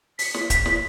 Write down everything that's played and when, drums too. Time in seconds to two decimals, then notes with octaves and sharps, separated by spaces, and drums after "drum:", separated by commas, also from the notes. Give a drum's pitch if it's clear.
0.19 B6, drum: open hi-hat
0.34 drum: snare
0.50 drum: kick, hi-hat
0.66 drum: snare